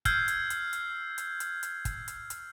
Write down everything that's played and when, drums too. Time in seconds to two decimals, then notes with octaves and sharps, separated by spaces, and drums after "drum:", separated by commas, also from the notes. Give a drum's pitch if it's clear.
0.05 E6 F6 G6 G#6 C7, drum: kick, hi-hat
0.28 drum: hi-hat
0.50 drum: hi-hat
0.73 drum: hi-hat
1.18 drum: hi-hat
1.40 drum: hi-hat
1.63 drum: hi-hat
1.85 drum: kick, hi-hat
2.08 drum: hi-hat
2.30 drum: hi-hat